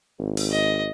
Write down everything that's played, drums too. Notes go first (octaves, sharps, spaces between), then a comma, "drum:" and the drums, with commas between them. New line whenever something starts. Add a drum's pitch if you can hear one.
G#1
drum: open hi-hat
D#5